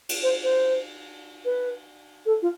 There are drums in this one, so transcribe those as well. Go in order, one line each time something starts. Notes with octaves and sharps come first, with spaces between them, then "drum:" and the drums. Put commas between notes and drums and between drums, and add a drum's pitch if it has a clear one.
drum: cymbal
C5
C5
B4
A4
F4